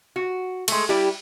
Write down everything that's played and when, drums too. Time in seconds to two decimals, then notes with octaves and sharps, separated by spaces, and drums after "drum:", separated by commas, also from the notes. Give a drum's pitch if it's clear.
0.16 F#4
0.68 G#3 A3, drum: cymbal
0.89 G3 E4 G4